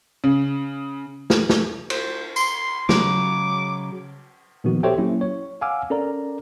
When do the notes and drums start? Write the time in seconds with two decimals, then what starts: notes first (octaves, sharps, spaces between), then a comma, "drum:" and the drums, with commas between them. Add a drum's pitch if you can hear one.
0.24 C#3
1.30 drum: snare
1.49 drum: snare
1.90 C5, drum: cymbal
2.36 C6, drum: tambourine
2.89 C#3 F#3 G#3 D6, drum: snare
4.64 A#2 D#3 F3 B3 F#4
4.83 G4 A4 C5 C#5 E5 G5
4.98 F#3 A#3 C#4 E4
5.21 C#5
5.61 F5 F#5 G#5 D6 E6 F6
5.90 C#4 A4 A#4 D5 A#5